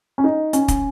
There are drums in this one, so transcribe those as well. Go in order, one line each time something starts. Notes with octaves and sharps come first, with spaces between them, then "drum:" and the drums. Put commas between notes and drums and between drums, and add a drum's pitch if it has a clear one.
C#4
D#4
C#4, drum: hi-hat
drum: kick, hi-hat